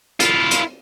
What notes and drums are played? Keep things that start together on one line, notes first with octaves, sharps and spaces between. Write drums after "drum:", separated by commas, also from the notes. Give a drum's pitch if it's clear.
E4 F4, drum: hi-hat
drum: hi-hat